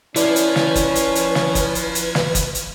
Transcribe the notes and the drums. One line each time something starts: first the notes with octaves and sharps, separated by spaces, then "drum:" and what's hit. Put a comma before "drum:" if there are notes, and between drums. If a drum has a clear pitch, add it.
F3 C#4 E4 B4 D5 F6 G#6, drum: hi-hat
drum: hi-hat
drum: snare
drum: kick F#1, hi-hat
drum: hi-hat
drum: hi-hat
drum: snare
drum: kick F#1, hi-hat
drum: hi-hat
drum: hi-hat
drum: snare
drum: kick F#1, hi-hat
drum: hi-hat